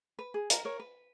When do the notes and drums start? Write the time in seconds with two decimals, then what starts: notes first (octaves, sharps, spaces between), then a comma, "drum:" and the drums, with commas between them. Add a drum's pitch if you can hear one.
0.19 B4
0.34 G#4
0.50 A#4, drum: hi-hat
0.65 A#4 C#5
0.80 B4